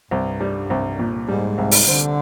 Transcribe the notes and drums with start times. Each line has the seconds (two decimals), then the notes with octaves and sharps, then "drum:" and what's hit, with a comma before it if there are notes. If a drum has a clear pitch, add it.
0.11 C2 G2
0.40 G3
0.70 C2
0.99 A#2
1.28 G#2 G3
1.58 C2
1.71 drum: open hi-hat
1.87 D3 C4